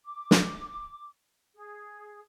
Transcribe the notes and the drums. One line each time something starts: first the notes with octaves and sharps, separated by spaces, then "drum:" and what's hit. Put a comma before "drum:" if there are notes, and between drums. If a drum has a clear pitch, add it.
D6
drum: snare
G#4